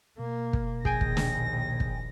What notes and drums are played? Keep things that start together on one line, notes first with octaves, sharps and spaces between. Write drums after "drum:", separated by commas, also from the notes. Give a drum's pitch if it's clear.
B2 A#3
drum: kick
A#1 D#2 G#4 G5 G#5 A#6, drum: kick
drum: kick
drum: snare
drum: kick